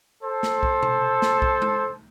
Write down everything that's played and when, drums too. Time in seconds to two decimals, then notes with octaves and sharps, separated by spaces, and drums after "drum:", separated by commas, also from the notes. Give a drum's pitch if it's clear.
0.23 A4 C5
0.43 drum: snare
0.63 drum: kick B1
0.83 drum: tom B2
1.22 drum: snare
1.42 drum: kick B1
1.62 drum: tom G#3